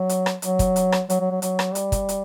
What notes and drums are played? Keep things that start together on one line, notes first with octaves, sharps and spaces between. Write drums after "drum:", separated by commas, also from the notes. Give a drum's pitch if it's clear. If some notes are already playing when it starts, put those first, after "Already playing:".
Already playing: F#3
drum: hi-hat
drum: rim click
F#3, drum: hi-hat
drum: kick, hi-hat
drum: hi-hat
drum: rim click
F#3, drum: hi-hat
F#3
F#3
F#3, drum: hi-hat
drum: rim click
G3, drum: hi-hat
drum: kick, hi-hat
drum: hi-hat